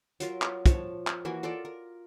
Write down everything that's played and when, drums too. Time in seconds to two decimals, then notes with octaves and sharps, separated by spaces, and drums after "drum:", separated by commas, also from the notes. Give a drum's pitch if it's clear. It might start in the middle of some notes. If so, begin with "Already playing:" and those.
0.20 F#3 F4 A#4, drum: hi-hat
0.42 drum: clap
0.66 F3 C#5 A5, drum: kick, hi-hat
1.07 drum: clap
1.25 E3 A#3 F#4 G#5
1.43 F4 A4 A#4 D5
1.65 A#4